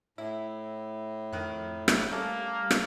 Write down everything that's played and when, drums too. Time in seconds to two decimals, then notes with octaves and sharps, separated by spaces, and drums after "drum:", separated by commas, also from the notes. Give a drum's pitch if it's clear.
0.18 A2 E4
1.33 F2 D#3 F#6
1.88 drum: rim click
2.11 G3 A3 A#3 C#4 A4
2.71 drum: rim click